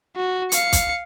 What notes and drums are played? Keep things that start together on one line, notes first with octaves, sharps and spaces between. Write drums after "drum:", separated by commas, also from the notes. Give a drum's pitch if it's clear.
F#4
F5 C#7, drum: hi-hat
drum: kick, hi-hat